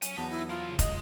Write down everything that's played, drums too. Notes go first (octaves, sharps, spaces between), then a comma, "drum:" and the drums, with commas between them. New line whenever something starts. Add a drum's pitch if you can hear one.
F#3 C#4 G#5, drum: hi-hat
E2 F#3 B3 D#4 A5 B6
E4
F3 A#3 F4
C#3
G#3 D#5, drum: kick, hi-hat